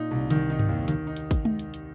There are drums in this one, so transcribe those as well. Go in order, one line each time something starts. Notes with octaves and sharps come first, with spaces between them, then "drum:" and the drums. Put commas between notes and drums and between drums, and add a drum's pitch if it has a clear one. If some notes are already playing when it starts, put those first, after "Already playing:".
Already playing: A#2 D#4
C2
D#3, drum: hi-hat
D#4
drum: tom G2
D#2
D#3, drum: hi-hat
D#4
drum: hi-hat
drum: kick, hi-hat
drum: tom G#3
drum: hi-hat
drum: hi-hat